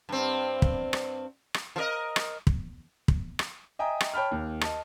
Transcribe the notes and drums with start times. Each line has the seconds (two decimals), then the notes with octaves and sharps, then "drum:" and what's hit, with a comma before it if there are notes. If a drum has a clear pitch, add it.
0.09 G2 C4
0.62 drum: kick
0.93 drum: rim click
1.54 drum: rim click
1.76 F3 A#4 D#5
2.16 drum: rim click
2.47 drum: kick
3.08 drum: kick
3.39 drum: rim click
3.79 D#5 E5 G5 G#5 A#5 D#6
4.00 drum: rim click
4.14 C#5 G5 A5 B5 F6
4.31 D#2
4.61 D#5 A5, drum: rim click